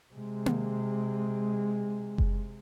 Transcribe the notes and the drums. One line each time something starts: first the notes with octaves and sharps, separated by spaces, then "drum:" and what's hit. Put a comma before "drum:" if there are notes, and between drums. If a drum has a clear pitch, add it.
C3 G#3
drum: tom A#3
drum: kick F#1